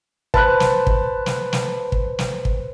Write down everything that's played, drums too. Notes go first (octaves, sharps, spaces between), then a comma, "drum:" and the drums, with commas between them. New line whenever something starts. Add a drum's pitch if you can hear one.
B4 C5 A5 B5 F#6, drum: kick
drum: snare
drum: kick
drum: snare
drum: snare
drum: kick
drum: snare
drum: kick